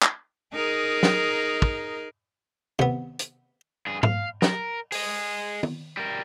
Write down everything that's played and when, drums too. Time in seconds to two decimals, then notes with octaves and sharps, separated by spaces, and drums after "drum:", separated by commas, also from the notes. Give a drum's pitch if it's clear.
0.02 drum: clap
0.54 D#4 G#4 A#4
1.03 drum: snare
1.62 drum: kick
2.79 C3 B3, drum: tom
3.19 drum: hi-hat
3.87 G2 G#4
4.03 F5, drum: tom G#2
4.42 A#4, drum: snare
4.92 G#4 D#5, drum: open hi-hat
5.63 drum: tom
5.97 G3 A#4